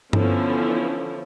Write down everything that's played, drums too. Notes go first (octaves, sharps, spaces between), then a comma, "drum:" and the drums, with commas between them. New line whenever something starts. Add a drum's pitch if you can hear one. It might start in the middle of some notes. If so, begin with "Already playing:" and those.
D3 E3 F3 B3 C#4 E4, drum: tom G2